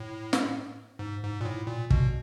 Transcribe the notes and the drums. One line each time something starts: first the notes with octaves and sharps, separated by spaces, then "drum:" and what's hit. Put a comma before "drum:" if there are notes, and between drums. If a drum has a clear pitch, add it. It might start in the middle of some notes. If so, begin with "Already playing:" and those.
Already playing: A2
drum: snare
G#2
G#2
A#2
A2
A#2
B2, drum: kick